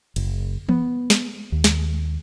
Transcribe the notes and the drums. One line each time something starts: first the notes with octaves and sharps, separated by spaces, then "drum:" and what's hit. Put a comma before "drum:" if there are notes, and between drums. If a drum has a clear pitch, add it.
F#1, drum: cymbal
B3, drum: tom E3
drum: snare
D#2
drum: snare